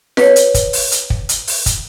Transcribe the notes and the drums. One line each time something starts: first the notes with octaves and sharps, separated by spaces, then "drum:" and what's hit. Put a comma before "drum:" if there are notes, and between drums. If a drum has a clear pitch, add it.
B4 C#5, drum: snare F4
drum: hi-hat
drum: kick, hi-hat
drum: open hi-hat
drum: hi-hat
drum: kick
drum: hi-hat
drum: open hi-hat
drum: kick, hi-hat